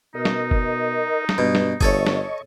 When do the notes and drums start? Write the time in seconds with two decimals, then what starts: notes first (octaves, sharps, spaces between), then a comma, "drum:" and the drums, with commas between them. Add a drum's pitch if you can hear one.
0.15 B2 D#4 A#4 D#5
0.25 drum: snare
0.51 drum: kick
1.29 drum: snare
1.38 G2 B2
1.55 drum: snare
1.81 G1 G#4 A4 C#5 D#5 C#6, drum: kick
2.07 drum: snare